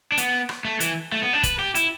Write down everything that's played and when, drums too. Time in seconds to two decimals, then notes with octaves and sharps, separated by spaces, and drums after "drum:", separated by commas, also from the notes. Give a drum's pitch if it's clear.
0.12 D4
0.17 B3, drum: hi-hat
0.49 drum: rim click
0.65 A3
0.80 E3, drum: hi-hat
1.12 A3
1.23 B3
1.33 D4
1.43 B4, drum: kick, hi-hat
1.59 G4
1.75 E4, drum: hi-hat